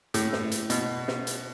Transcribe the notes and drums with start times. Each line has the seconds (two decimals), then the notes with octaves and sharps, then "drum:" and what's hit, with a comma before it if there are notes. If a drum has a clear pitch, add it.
0.14 A2, drum: hi-hat
0.33 drum: snare
0.52 drum: hi-hat
0.70 B2, drum: hi-hat
1.08 drum: snare
1.27 drum: hi-hat